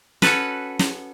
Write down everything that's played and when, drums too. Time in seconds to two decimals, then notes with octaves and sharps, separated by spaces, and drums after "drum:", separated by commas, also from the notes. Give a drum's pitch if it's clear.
0.22 C#4 F#4 A4 B4, drum: snare
0.79 drum: snare